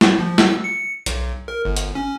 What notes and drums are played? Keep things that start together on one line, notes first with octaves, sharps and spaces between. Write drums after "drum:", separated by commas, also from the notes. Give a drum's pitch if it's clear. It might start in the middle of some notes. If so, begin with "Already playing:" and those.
drum: snare
F3
E6, drum: snare
C#7
B1, drum: hi-hat
A#4
G1
drum: hi-hat
C#4